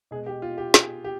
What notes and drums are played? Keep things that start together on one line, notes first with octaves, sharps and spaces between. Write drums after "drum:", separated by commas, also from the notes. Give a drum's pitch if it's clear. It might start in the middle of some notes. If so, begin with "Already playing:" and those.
B2 G#3 G#4
G4
F4
G4
G#4, drum: snare
G4